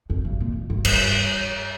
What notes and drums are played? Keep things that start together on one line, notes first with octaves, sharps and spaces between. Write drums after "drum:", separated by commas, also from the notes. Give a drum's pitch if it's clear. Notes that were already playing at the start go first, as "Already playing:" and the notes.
F2
G2
A#2
G2
G2, drum: cymbal